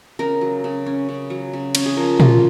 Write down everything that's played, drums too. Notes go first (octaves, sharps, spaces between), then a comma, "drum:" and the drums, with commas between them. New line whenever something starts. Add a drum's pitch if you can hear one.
C#3 A#4
F#3
C#3
C#4
C#3
F#3
C#3
C#4, drum: cymbal
G#4
F3 A#4
A#3 F4, drum: tom A#2